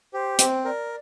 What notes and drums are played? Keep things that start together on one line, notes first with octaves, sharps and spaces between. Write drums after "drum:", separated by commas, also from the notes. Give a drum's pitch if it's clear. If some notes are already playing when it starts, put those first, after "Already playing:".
G4 C5
C4 C5, drum: hi-hat
A#4 D5